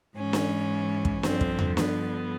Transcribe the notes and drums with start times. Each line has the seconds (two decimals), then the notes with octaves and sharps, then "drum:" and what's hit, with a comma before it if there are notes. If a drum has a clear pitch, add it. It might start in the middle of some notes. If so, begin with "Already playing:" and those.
0.15 G#2 E3 C#4
0.33 drum: snare
1.05 drum: kick
1.23 G2 D3 F3 C4, drum: snare
1.41 drum: kick
1.59 drum: tom E2
1.77 B3, drum: snare